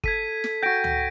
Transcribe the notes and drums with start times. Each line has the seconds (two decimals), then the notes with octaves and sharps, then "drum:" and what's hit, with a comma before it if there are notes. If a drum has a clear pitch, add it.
0.04 A4 G#6 B6 D#7, drum: kick G1
0.44 drum: snare
0.63 F#4 G5 G6 A#6 D7
0.84 drum: tom C#2